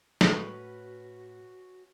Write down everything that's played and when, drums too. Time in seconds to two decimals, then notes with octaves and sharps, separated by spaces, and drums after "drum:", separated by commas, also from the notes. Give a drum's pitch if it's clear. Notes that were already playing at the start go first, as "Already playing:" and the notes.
0.21 A2 G3 C#4 F#4 B4, drum: snare